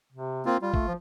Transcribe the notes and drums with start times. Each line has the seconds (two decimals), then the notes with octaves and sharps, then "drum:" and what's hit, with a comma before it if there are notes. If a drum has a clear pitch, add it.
0.12 C3
0.46 A#3 C4 F4
0.62 G3 F4
0.74 A3, drum: kick
0.87 F3